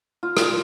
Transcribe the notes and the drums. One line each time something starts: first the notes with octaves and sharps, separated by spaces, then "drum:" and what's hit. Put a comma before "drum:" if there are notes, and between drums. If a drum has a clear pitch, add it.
F4
drum: rim click